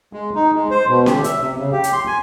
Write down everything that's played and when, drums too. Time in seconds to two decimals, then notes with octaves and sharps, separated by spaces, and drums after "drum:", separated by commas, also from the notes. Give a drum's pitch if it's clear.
0.13 G#3
0.35 D#4
0.54 G#3
0.71 C5
0.88 B2
1.06 G4, drum: snare C#4
1.24 E5, drum: hi-hat
1.41 C3
1.58 C#3
1.72 G4
1.84 drum: hi-hat
1.93 C6
2.07 G#5